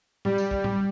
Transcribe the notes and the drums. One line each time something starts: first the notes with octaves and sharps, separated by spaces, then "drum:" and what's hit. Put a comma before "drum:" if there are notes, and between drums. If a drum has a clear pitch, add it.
G3, drum: tom A2
drum: tambourine
drum: kick
drum: tom A2